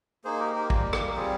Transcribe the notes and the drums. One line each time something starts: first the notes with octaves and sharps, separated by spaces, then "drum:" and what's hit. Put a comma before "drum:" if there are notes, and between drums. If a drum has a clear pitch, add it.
A#3 D#4 G#4 C5
G4 A#4
G4 A#4
G3 A#3 F4, drum: kick
drum: rim click
G3 C4 F4 G#4